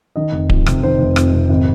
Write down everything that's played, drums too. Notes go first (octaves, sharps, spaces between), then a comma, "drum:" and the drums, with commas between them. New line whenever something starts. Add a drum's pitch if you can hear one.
D#3 D#5
F1
F2, drum: kick D1
C3, drum: rim click
D#3 C5
F1
F2, drum: rim click
C3
G#1